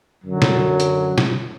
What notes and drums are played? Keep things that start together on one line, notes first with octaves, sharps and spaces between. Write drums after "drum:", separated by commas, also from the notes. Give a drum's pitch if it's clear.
F#2 D3 F#3
drum: snare
drum: hi-hat
drum: snare